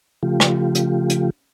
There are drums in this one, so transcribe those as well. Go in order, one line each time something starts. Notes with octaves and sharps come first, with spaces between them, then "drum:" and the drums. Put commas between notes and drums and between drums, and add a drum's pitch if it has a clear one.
C#3 F3 A3 F4 G4
drum: rim click
drum: hi-hat
drum: hi-hat